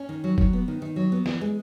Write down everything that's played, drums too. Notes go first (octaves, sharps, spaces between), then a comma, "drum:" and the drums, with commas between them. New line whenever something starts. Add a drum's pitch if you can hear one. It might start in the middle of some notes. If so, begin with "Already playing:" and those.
Already playing: C#4
D#3
F#3
F#3, drum: kick F1
B3
D#3
D#3
F#3
B3
E3, drum: snare
G#3